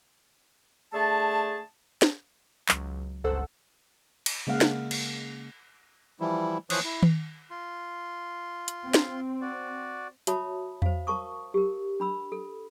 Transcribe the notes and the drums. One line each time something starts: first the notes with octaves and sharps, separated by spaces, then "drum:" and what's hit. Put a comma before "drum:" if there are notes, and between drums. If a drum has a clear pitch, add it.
D3 A3 G#4 A5
drum: snare
C#2 F#3, drum: clap
G1 C#2 A4 C5 F#5 E6
drum: cymbal
C#3 G#3 A#3 F5 F#5
drum: snare
drum: cymbal
E3 F3 G3 E4
E3 F3 C5 C#5 D#6 F#6, drum: cymbal
E4
drum: tom D#3
F4 C6
drum: hi-hat
C4
drum: snare
F#4 D5
F#4 C#5 E5 A5 B5 D#6, drum: hi-hat
C5 F5, drum: tom E2
A#4 A5 C#6 D#6
G4 A#4
D4 B5 E6
A4